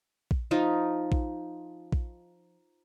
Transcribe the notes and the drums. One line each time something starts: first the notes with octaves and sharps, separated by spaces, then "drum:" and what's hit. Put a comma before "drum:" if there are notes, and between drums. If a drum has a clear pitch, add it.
drum: kick A#1
F3 D#4 F4
drum: kick A#1
drum: kick A#1